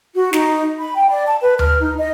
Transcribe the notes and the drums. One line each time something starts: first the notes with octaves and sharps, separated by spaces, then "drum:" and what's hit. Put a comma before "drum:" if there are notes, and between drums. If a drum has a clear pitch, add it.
F#4
D#4, drum: snare
B5
G5
D5
A5
B4
F6, drum: tom D2
D#4
D#5